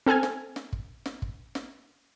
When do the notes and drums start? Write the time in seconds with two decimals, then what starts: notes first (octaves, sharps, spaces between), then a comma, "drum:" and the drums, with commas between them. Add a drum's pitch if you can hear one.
0.06 C4 A4 G#5 F6 G#6
0.23 drum: snare
0.56 drum: snare
0.73 drum: kick
1.06 drum: snare
1.22 drum: kick
1.55 drum: snare